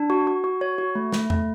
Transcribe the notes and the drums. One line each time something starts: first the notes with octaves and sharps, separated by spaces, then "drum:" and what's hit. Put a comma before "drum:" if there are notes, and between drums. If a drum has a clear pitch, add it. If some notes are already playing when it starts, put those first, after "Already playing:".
Already playing: D4
F#4
F#4
F#4
C#5
F#4
A3
A3, drum: snare
A3, drum: tom E2